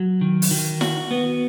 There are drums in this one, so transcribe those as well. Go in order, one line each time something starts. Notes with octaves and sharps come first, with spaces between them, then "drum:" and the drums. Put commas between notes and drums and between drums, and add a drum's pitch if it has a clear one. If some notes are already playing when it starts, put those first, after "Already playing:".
Already playing: F#3
D#3
drum: open hi-hat
D#3
F#4, drum: snare E4
B3